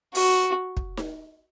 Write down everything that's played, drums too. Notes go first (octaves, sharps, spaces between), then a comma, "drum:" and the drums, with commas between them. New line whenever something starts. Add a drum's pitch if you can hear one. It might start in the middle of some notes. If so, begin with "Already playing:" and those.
F#4, drum: open hi-hat
drum: kick
drum: snare D#4